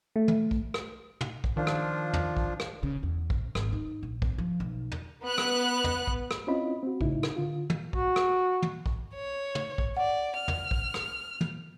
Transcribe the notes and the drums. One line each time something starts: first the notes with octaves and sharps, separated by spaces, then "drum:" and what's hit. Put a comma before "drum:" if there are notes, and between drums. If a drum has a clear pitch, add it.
A3
drum: tom
drum: kick
drum: rim click
drum: tom
drum: kick
D#3 F3 D4 F4
drum: rim click
drum: tom
drum: kick
drum: rim click
C#3
E2
D#1, drum: kick
G#1, drum: rim click
D#4
A#1
C4, drum: kick
F3
B1
drum: tom
B3 F#6
drum: rim click
drum: tom
drum: kick
drum: rim click
C4 C#4 E4 F4 D#5 B5
C4 F#4
A2 C#3 D#4 E4, drum: kick
drum: rim click
D3 F4
drum: tom
F#4, drum: kick
drum: rim click
drum: tom
drum: kick
C#5
drum: tom
drum: kick
D5 F#5
F6
drum: tom
drum: kick
drum: rim click
drum: tom